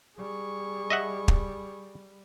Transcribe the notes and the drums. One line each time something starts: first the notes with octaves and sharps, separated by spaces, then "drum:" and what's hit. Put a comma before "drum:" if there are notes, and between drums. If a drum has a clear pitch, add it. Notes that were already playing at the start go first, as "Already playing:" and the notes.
G3 G#4 C#6
D#5 E5 F#5
drum: kick